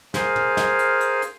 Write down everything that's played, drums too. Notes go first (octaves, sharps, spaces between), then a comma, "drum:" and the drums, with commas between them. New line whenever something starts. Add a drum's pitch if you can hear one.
G#4 A#4 C5 F5 G#5, drum: snare
drum: tom
drum: snare
drum: hi-hat
drum: hi-hat
drum: hi-hat